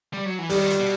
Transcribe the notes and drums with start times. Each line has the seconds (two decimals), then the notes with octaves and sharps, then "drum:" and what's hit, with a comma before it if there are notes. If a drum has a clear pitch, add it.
0.13 G3
0.26 F#3
0.38 E3
0.49 D#3 G3, drum: open hi-hat
0.70 drum: hi-hat
0.80 B2